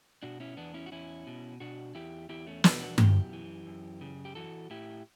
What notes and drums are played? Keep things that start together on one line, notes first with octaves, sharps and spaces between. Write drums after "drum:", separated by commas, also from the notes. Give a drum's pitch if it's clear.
B2 D4 F#4
C#4 E4
E2 B3 D4
C#4 E4
F#4
E2 C#4 E4
B2
B2 D4 F#4
E2 E4 G4
E2 E4 G4
A3 C#4
B2 B3 D4, drum: snare
D4 F#4
F#2 E4 G4, drum: tom G2
E3
F#2
C#3
G4
E3 F#4 A4
A2 E4 G4